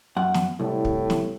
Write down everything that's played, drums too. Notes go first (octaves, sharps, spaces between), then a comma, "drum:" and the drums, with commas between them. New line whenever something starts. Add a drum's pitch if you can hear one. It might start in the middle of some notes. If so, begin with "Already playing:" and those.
F#2 F#5
drum: snare
C2 A2
drum: kick
drum: snare